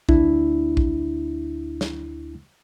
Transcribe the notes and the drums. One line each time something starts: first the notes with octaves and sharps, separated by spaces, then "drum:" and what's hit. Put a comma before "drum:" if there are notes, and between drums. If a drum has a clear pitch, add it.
D2 D4 E4, drum: kick A#1
drum: kick A#1
drum: snare